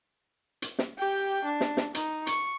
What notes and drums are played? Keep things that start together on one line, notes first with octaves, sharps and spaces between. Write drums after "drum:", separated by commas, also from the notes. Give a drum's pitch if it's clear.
drum: hi-hat
drum: snare
G4 G5
D4
drum: snare
drum: snare
D#4, drum: hi-hat
C#6, drum: hi-hat